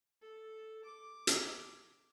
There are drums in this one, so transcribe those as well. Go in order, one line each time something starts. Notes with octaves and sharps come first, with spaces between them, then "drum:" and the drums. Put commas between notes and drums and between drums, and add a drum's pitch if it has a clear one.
A4
D6
drum: hi-hat